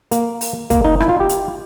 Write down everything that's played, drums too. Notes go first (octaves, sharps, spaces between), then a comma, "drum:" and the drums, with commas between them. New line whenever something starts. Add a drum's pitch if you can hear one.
A#3, drum: hi-hat
drum: open hi-hat
A#3, drum: kick, hi-hat
D#4
E4, drum: rim click
F4
G4
drum: hi-hat